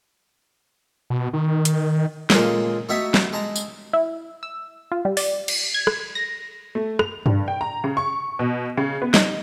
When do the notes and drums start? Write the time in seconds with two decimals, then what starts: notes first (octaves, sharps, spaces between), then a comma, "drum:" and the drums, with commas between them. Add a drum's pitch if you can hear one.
1.10 B2
1.33 D#3
1.65 drum: hi-hat
2.30 A#2 C#3 G#3 A4 A#4 D#6, drum: snare
2.89 A3 D#4 F#4 C#5 E5
3.14 drum: snare
3.33 G#3 A5 A#5
3.56 drum: tambourine
3.93 E4
4.43 E6
4.92 F4
5.05 G3
5.17 D5, drum: open hi-hat
5.48 drum: cymbal
5.74 G#6
5.87 drum: rim click
6.15 A#6
6.75 A3
6.99 F7, drum: rim click
7.26 G2, drum: tom G2
7.48 G5
7.61 A#5
7.84 C#3
7.97 C#6
8.39 B2
8.78 C#3
9.02 B3
9.14 D#4, drum: snare